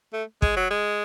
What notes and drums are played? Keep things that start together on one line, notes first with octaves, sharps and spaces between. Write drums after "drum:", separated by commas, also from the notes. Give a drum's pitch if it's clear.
A3
G#3, drum: kick
F#3
G#3